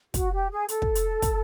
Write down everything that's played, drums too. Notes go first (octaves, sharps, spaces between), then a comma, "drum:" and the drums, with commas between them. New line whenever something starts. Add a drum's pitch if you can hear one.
F#4, drum: kick, hi-hat
G4
G#4
A4, drum: hi-hat
drum: kick
drum: hi-hat
drum: kick, hi-hat